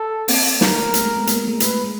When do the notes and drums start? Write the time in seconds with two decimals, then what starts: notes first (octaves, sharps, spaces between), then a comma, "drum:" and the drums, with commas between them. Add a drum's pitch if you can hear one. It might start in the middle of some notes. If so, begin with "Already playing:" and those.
Already playing: A4
0.28 A#3 C4, drum: open hi-hat
0.61 A#4, drum: snare
0.94 A3 B3, drum: hi-hat
1.05 G#3 A#3
1.16 A3 B3
1.27 A#3, drum: hi-hat
1.37 A3
1.47 G#3 A#3
1.60 B4, drum: hi-hat
1.84 G#3